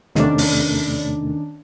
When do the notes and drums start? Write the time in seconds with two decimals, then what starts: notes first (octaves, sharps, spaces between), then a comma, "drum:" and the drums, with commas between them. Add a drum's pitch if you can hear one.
0.15 E2 C3 D#3 A3 C#4 D4, drum: snare
0.38 drum: open hi-hat